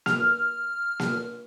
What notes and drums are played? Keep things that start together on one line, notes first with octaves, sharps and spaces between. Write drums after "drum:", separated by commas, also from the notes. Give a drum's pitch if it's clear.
F6, drum: snare A#3
drum: snare A#3